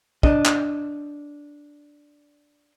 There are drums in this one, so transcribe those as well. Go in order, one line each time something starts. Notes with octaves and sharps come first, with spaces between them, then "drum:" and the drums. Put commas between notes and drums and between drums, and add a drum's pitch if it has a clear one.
D4 D#5, drum: kick
drum: clap